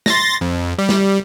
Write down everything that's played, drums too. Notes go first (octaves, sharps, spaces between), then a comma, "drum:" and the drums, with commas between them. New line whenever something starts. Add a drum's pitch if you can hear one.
C6 A6 A#6, drum: snare
F2
G3
drum: snare